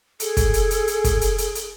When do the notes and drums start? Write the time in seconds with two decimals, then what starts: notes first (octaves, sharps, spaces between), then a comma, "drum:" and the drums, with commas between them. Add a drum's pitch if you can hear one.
0.20 G#4 A4, drum: hi-hat
0.37 drum: kick, hi-hat
0.54 drum: hi-hat
0.71 drum: hi-hat
0.87 drum: hi-hat
1.04 drum: kick, hi-hat
1.21 drum: hi-hat
1.38 drum: hi-hat
1.55 drum: hi-hat